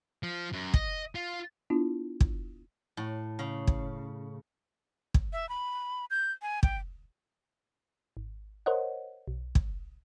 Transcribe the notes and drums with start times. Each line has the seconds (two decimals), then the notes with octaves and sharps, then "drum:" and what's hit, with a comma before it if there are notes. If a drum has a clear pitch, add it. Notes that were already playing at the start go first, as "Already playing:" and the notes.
0.23 F3
0.53 F#2
0.74 D#5, drum: kick
1.15 F4
1.70 B3 D4 E4 F4
2.21 drum: kick
2.97 A2
3.39 C#3
3.67 drum: kick
5.14 drum: kick
5.33 E5
5.49 B5
6.11 G6
6.42 G#5
6.63 G5, drum: kick
8.17 G#1
8.66 A#4 C5 C#5 D#5 F#5
9.28 B1
9.55 drum: kick